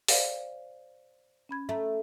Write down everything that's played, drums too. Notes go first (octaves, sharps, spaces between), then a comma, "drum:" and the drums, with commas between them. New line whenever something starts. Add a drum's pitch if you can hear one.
C5 D5 F5, drum: open hi-hat
C#4 B5 G#6
A3 E5 A#5